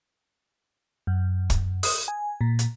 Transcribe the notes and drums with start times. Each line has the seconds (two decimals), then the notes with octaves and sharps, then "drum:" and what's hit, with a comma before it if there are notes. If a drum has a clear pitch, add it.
1.07 F#2
1.50 drum: kick, hi-hat
1.83 D#6, drum: open hi-hat
2.08 G#5
2.41 A#2
2.59 drum: hi-hat